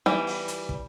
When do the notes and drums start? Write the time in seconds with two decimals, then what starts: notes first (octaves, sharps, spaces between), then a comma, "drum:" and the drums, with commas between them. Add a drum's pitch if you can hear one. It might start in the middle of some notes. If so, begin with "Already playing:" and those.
0.06 E3 G3, drum: snare B3
0.27 drum: open hi-hat
0.48 drum: hi-hat
0.69 drum: kick